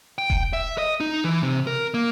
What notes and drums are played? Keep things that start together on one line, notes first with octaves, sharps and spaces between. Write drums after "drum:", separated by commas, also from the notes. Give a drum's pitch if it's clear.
G5
drum: kick E1
E5
D#5
D#4
E3
C3
A#4
A#3